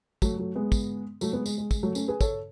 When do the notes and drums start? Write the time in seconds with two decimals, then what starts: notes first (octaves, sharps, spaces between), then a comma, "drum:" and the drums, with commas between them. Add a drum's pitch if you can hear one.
0.22 F#3 A3, drum: kick, tambourine
0.39 F#3 A3
0.55 G#3 B3
0.72 drum: kick, tambourine
1.21 F#3 A3, drum: tambourine
1.33 G#3 B3
1.46 G#3, drum: tambourine
1.58 G#3
1.71 G#3, drum: kick, tambourine
1.83 F#3 A3
1.95 A3 C#4, drum: tambourine
2.08 G#4 B4
2.21 A4 C#5, drum: kick, tambourine